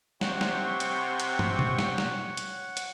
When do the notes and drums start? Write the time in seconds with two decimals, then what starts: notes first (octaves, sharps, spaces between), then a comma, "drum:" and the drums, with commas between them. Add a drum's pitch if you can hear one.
0.21 C3 C#5 F#5 G5 C6 C#6, drum: snare
0.41 drum: snare
0.80 drum: hi-hat
1.20 drum: hi-hat
1.39 drum: tom
1.59 drum: tom B2
1.79 drum: snare
1.98 drum: snare
2.37 drum: hi-hat
2.77 drum: hi-hat